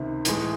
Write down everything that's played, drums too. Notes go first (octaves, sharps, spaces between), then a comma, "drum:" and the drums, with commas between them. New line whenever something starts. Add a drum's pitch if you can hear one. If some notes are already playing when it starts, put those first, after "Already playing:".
Already playing: C#2 C3 D#3
A2 E3 G#3, drum: hi-hat